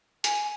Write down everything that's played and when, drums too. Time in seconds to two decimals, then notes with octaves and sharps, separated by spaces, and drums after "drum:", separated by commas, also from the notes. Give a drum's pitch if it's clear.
0.24 G#5, drum: hi-hat